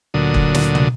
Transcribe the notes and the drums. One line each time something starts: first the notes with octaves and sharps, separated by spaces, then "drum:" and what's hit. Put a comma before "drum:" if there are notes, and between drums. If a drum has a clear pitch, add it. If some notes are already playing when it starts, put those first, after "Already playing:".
D2 A#2 D3 F#3 D#6
drum: kick
drum: snare
drum: tom